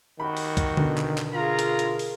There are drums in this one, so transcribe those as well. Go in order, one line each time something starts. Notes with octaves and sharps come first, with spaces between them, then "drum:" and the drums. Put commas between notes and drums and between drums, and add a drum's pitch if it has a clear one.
D#3 F#4 G4 B5
drum: open hi-hat
drum: kick, hi-hat
B2 D3, drum: tom
drum: clap
drum: clap
F4 G#4 A#4 A#5
drum: hi-hat
drum: hi-hat
drum: open hi-hat